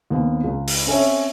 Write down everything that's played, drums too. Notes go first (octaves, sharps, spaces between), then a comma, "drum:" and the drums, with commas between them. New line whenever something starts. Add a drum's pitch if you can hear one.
D#2 B3 C4
C#2
drum: open hi-hat
C4 C#4 A4 C#5 E5